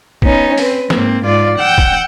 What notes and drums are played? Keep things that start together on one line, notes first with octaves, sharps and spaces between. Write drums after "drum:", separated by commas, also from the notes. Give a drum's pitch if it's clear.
B3 C#4 D#4, drum: kick
C4 B4, drum: open hi-hat
G#2 A#3 C4, drum: snare
G#2 F4 D5
F#5 G5 E6 G6
drum: kick